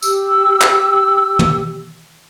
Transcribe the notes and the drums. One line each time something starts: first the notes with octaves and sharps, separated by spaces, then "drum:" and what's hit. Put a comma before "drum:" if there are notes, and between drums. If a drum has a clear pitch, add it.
G4 E6, drum: tambourine
drum: clap
drum: tom